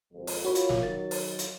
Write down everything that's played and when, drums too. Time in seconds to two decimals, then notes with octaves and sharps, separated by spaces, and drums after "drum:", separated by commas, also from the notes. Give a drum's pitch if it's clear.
0.13 G#1 F2
0.27 drum: open hi-hat
0.45 F4 F#4 A#4 C#5 B5
0.55 drum: hi-hat
0.69 drum: snare
0.83 D#3 F#3 A6
1.11 drum: open hi-hat
1.39 drum: hi-hat